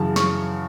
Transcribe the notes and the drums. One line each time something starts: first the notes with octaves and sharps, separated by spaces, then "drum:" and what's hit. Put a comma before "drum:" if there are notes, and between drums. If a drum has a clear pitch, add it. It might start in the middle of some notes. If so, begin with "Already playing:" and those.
Already playing: F#2 C#3 E3 A5
C#6, drum: snare